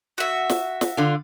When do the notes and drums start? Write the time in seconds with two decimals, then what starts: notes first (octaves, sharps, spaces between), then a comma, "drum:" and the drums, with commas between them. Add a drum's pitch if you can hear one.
0.18 F#4 E5
0.50 drum: snare
0.81 drum: snare
0.97 D3 F4